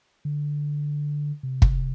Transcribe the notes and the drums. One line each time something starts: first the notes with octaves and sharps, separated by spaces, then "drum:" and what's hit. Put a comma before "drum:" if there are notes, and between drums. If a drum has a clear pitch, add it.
D3
C3
drum: kick